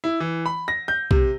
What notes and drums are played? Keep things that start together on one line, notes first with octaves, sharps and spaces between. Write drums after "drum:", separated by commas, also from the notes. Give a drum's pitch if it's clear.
E4
E3
B5
A#6
G6
C3, drum: kick